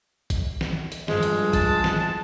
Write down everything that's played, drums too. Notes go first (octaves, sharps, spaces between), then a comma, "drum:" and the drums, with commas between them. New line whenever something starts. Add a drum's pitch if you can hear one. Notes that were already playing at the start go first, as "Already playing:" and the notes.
drum: kick, hi-hat
drum: snare
drum: hi-hat
G2 F3 G#3, drum: snare
drum: hi-hat
A5, drum: kick, hi-hat
drum: snare